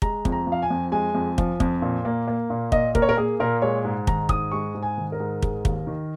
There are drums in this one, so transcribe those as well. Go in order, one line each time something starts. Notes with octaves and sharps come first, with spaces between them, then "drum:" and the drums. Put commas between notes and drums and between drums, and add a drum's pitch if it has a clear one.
G#3 A#5, drum: kick
F2, drum: kick
A#5
F3
F5
G#5
F2
G#3 G#5
F2
F3, drum: kick
F2, drum: kick
A#2
A#3
A#3
A#2
A#2 D#5, drum: kick
A#3 A#4, drum: kick
C#5
A#4
A#3 G#4
A#2 A#4
G#3 C#5
G#2
D#3 A#5, drum: kick
G#2 D#6, drum: kick
G#3 C#6
G#2
G#5
D#3
A#4
G#2
G#3, drum: kick
D#2, drum: kick
D#3